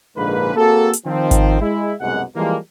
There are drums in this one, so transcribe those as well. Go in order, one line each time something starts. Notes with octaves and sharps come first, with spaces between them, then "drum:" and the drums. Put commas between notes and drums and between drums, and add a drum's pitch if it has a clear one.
A#1 G#2 D3 G#3 A#3 B4
A#3 C4 F#4 G#4 A4
drum: hi-hat
D#3 F3 C4
drum: kick G#1, hi-hat
G#3 E4
C2 F#2 B2 G#3 F#5
E3 F3 G3 G#3 A#3